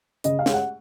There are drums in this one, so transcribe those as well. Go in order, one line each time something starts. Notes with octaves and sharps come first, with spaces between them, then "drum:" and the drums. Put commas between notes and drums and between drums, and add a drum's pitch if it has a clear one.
C#3 D#5, drum: hi-hat
F5
G#3 C#4, drum: snare
F#5